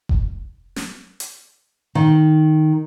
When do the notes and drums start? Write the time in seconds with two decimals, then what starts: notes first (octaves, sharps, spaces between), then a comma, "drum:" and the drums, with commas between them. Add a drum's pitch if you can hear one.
0.09 drum: kick F1
0.76 drum: snare
1.20 drum: hi-hat
1.95 D#3